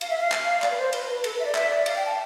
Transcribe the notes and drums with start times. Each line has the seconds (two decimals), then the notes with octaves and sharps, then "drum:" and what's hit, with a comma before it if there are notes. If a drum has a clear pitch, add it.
0.01 F5, drum: cymbal
0.10 E5
0.18 F5
0.32 drum: clap
0.62 D5, drum: clap
0.70 B4
0.78 C5
0.93 B4, drum: cymbal
1.09 B4
1.24 A4, drum: cymbal
1.34 B4
1.40 E5
1.45 D5
1.55 E5, drum: clap
1.70 D5
1.86 F5, drum: cymbal
1.96 G5
2.05 A5